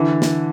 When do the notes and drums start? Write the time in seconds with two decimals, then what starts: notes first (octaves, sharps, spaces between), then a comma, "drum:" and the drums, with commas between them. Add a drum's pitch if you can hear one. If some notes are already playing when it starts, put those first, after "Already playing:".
Already playing: D3 E3
0.22 drum: snare